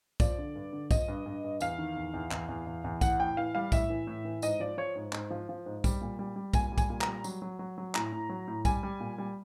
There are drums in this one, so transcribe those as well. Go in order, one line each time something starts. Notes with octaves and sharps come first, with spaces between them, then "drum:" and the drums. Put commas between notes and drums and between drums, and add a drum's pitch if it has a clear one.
F3 D5, drum: kick, tambourine
D3
G2
D3
F3 D#5, drum: kick, tambourine
G2
G2
G2
E2 F5, drum: tambourine
D#3
E2
E2
E2, drum: clap
E2
E2
E2
A2 F#5, drum: kick, tambourine
A2 G5
E3 F5
G3 F5
A2 E5, drum: kick, tambourine
E3
A2
E3
G#2 D#5, drum: tambourine
F3 D5
F3 C#5
G#2
G#2, drum: clap
F3
F3
G#2
G3, drum: kick, tambourine
A#2
G3
G3
A#2 G#5, drum: kick, tambourine
G3
G#5, drum: kick, tambourine
A#2
A#5, drum: clap
G3
F#3, drum: tambourine
F#3
F#3
F#3
A2 A#5, drum: clap
A2
F#3
A2
G3 G#5, drum: kick, tambourine
G3
A#2
G3